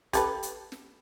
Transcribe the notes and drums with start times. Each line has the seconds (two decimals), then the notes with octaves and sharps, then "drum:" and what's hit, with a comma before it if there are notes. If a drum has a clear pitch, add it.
0.13 G4 A4 B4, drum: kick, hi-hat
0.43 drum: hi-hat
0.72 drum: snare